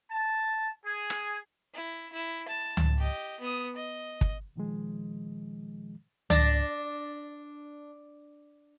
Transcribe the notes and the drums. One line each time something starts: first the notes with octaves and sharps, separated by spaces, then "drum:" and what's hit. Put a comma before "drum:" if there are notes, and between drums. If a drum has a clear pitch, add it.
A5
G#4
drum: rim click
E4
E4
A5
drum: tom C#2
G4 D#5
B3 D#6
D#5
drum: kick
A#2 D#3 F3 G#3
D4 A6 A#6 E7, drum: tom C#2